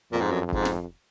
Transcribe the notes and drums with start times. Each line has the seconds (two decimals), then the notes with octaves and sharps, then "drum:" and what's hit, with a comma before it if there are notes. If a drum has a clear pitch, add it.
0.12 F2 A#2
0.21 G#2
0.31 F#2
0.52 G#2, drum: kick
0.65 drum: snare